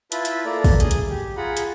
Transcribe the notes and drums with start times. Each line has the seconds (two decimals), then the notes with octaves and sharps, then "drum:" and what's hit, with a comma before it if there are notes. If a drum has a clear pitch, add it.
0.12 E4 F4 B4 E5 A5 B5, drum: hi-hat
0.25 drum: hi-hat
0.45 A#3 A4 D5 A#5
0.64 drum: kick, open hi-hat
0.80 G#4 D#6, drum: hi-hat
0.91 drum: hi-hat
1.10 G4
1.37 F4 G#4 F#5 A#5 B5
1.57 drum: hi-hat